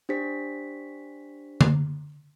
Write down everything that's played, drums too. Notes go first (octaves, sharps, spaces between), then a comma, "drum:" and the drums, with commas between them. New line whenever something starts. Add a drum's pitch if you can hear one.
D4 G4 C5 B6
drum: tom D3